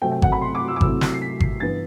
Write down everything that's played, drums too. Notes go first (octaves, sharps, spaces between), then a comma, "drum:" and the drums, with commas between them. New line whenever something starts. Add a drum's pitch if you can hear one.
C3 F#3 A3 C4 G5
G5
F#5, drum: kick G#1
B5
C6
D6
E6
D6
C3 F#3 A3 C4 E4 E6, drum: kick G#1
drum: snare
C7
B6
C7, drum: kick G#1
G2 E3 B3 A6